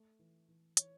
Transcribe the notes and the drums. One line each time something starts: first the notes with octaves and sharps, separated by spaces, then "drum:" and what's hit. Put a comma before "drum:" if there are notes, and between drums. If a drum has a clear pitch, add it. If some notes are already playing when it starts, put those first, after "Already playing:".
Already playing: A3
E3
E3
E3 C#5, drum: hi-hat